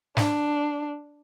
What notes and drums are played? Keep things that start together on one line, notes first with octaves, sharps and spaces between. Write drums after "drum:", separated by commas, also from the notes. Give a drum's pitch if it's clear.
D4, drum: snare